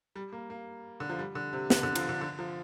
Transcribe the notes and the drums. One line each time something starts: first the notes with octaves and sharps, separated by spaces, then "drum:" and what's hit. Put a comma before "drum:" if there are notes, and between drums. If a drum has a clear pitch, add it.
G3
A#3
A#3
D3
F3
G3
D3
C3
D3, drum: snare
D3
F3, drum: cymbal
D3
D3
F3